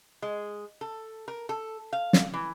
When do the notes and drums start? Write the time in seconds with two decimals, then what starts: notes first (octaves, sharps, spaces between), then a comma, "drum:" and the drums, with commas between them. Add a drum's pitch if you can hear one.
0.22 G#3
0.81 A4
1.28 A#4
1.49 A4
1.93 F5
2.13 drum: snare
2.34 E3